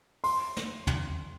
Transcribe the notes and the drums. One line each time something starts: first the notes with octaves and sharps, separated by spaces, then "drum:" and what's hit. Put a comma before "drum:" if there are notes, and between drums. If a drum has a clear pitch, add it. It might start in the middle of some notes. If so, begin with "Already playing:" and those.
C6, drum: open hi-hat
drum: snare
drum: tom